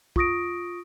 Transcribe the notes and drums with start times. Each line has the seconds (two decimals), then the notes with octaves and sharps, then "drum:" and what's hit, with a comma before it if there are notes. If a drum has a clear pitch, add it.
0.16 F4 C#6 D#6 A#6 D7, drum: kick